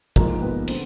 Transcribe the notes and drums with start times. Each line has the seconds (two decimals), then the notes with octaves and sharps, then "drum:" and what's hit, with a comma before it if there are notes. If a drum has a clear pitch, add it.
0.16 G#2 F3 G#3 A#3 A#4, drum: kick
0.42 B3 B4
0.67 D3 C4 C5, drum: cymbal